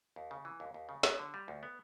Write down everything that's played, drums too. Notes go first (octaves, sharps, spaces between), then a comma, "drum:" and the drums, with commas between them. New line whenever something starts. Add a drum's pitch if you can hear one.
D#2
C#3
E3
D#2
D#2
C#3
B3, drum: snare
D3
G3
D2
B3